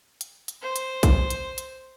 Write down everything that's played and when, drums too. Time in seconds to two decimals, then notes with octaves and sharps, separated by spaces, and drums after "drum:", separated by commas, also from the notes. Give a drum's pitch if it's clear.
0.21 drum: hi-hat
0.48 drum: hi-hat
0.62 C5
0.76 drum: hi-hat
1.03 drum: kick A#1, hi-hat
1.30 drum: hi-hat
1.58 drum: hi-hat